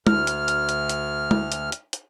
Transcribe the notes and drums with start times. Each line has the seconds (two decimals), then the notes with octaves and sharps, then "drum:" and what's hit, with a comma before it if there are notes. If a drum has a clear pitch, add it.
0.07 D2 F6, drum: tom G#3
0.27 drum: hi-hat
0.48 drum: hi-hat
0.69 drum: hi-hat
0.89 drum: hi-hat
1.31 drum: tom G#3
1.52 drum: hi-hat
1.72 drum: hi-hat
1.93 drum: hi-hat